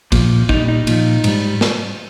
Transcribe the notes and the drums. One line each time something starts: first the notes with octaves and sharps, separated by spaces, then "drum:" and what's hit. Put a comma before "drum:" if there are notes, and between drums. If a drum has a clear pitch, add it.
A#2 F3, drum: kick A1, cymbal
A#2 G3 D#4, drum: kick A1
D#4
A#2 F3, drum: cymbal
G#2 G3, drum: cymbal
drum: snare